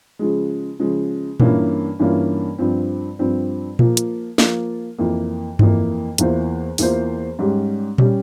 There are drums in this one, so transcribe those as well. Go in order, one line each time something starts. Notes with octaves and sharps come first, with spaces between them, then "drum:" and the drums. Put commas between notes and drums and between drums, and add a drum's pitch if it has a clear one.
C#3 F3 G#3
C#3 F3 G#3
G2 E3 A#3 C#4 F4, drum: tom A#2
G2 E3 A#3 C#4 F4
G2 F3 C4
G2 F3 C4
F3 A#3 F4, drum: tom A#2
drum: hi-hat
F3 A#3 F4, drum: snare
F2 E3 A#3
F2 E3 A#3, drum: tom G2
E2 E3 A#3 F4 C5, drum: hi-hat
E2 E3 A#3 F4 C5, drum: open hi-hat
G#2 G3 C#4 G4
G3 C#4 G4, drum: tom A#2